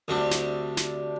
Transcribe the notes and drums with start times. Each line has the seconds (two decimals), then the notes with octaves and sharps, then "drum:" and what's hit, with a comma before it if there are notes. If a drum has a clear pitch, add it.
0.08 D2 C3 G3 C4 D4
0.31 drum: snare
0.77 drum: snare